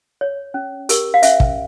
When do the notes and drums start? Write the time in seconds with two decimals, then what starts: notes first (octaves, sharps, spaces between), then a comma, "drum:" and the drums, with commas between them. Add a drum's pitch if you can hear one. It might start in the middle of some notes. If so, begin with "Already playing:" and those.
0.21 C#5
0.54 C#4
0.89 G4 A#4, drum: hi-hat
1.14 F5
1.23 C#4 E5, drum: hi-hat
1.40 drum: kick